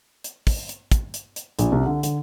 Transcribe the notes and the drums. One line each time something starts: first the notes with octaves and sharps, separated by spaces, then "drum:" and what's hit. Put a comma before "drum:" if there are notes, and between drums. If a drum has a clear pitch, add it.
drum: hi-hat
drum: kick, open hi-hat
drum: hi-hat
drum: kick, hi-hat
drum: hi-hat
drum: hi-hat
A#1, drum: hi-hat
C2
D3
D3, drum: hi-hat